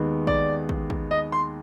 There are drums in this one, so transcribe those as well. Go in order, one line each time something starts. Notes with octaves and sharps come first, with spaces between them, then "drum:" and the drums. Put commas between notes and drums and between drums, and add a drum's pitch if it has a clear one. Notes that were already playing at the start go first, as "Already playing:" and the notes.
Already playing: D#2 D#3 G#3 B3
D5, drum: kick
drum: kick
drum: kick
D#5
C6